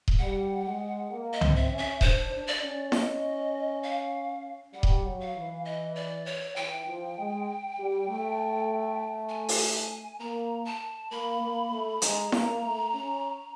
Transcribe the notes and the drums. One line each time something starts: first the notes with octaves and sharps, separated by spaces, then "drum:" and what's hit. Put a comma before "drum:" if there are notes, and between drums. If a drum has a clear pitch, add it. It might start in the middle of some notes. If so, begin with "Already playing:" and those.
drum: kick D#1
G3 F#5
G#3
A#3
D#5
C4, drum: tom C2
E5
C#4
E5
D4 C5, drum: kick D#1
D4
D5
C#4
D#5, drum: snare E4
F5
G3 F#5
drum: kick D#1
F#3
F5
E3
D#5
D5
C#5
E3 G5
F3
G#3
G3
A3
G#5
drum: open hi-hat
A#3 A#5
A5
A#3 B5
A#3
A3
G#3 A#5, drum: hi-hat
A#3, drum: snare E4
A3
C#4